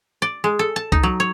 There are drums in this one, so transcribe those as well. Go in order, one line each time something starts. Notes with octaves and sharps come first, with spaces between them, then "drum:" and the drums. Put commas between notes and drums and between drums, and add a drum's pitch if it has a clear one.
D5
G#3
A4
A5
D#4, drum: kick C2
F#3
C#5